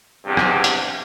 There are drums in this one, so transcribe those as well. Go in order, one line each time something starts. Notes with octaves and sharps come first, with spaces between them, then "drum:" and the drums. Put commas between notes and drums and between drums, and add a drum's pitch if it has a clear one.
E2 G2 C3
drum: rim click
drum: hi-hat